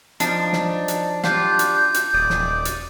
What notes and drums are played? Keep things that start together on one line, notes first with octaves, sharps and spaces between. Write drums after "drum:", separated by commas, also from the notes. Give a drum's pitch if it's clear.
F3 D4 D#4, drum: hi-hat
drum: snare
drum: hi-hat
D4 F4 G4 G6, drum: snare
drum: hi-hat
drum: hi-hat
D#1 D5 D6 D#6
drum: snare
drum: hi-hat